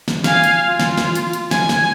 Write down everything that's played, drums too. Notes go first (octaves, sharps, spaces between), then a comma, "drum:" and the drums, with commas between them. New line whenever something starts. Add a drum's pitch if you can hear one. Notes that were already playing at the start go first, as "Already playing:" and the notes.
drum: snare
F5 G#5, drum: snare
drum: hi-hat
F4
drum: snare
drum: snare
drum: hi-hat
drum: hi-hat
G#5, drum: snare
drum: snare